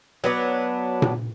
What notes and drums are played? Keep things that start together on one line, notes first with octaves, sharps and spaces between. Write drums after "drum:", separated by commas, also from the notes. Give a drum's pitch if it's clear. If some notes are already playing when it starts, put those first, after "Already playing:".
F#3 B3 D4
drum: tom A#2